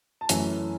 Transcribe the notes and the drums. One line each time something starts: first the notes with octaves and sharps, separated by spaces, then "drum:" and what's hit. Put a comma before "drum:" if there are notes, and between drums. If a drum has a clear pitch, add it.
A5
F#2 E3 A3 C#4 G#5, drum: hi-hat